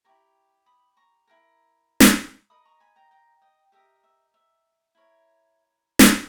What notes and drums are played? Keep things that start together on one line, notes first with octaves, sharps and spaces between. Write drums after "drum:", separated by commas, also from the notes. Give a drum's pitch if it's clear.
E4 G4 A#4 A#5 C#6
B5 D#6
A#5 C#6
E4 G4 A#4
drum: snare
D#4 A#4 D#5 B5 D#6
A#5 C#6
G#5 B5
G5 A#5
G5 A#5
D#5 G5
G4 A#4 D#5 E5
E5
E5
E4 A#4 C#5
drum: snare